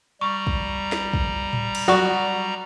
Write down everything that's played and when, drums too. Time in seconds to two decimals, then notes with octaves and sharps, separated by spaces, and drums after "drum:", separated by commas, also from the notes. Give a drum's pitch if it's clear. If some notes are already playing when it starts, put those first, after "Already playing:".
0.21 G3 A#5 C#6
0.47 drum: kick
0.92 drum: snare
1.13 drum: kick
1.53 drum: tom A2
1.75 drum: cymbal
1.88 F#3 F#4 D5 C#6